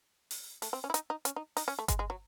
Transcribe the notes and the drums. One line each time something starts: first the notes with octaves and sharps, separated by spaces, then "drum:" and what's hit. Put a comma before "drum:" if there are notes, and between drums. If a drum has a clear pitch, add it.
drum: open hi-hat
A3, drum: open hi-hat
C4
C#4
E4
D#4, drum: hi-hat
D#4
C#4, drum: hi-hat
D#4
D#4, drum: open hi-hat
C#4
A3
G#3, drum: kick G1, hi-hat
G#3
F#3